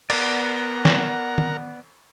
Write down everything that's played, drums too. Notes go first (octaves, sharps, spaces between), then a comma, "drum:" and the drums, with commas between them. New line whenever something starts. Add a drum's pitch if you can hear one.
B3 A#4 D5 F#5 A#5, drum: cymbal
drum: snare
drum: tom D#3